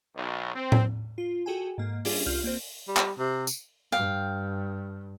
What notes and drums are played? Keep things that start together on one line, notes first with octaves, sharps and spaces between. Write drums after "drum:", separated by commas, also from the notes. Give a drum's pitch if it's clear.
B1
C4
drum: tom A2
F4
F#4 G#4 A4 G5 G#5
G#2 A#3
G3 C#4 D4 F4 G4 G#4, drum: open hi-hat
C2 F4 F6 G6
A#3 C4 C5
G3
drum: clap
C3
drum: tambourine
G2 F5 G5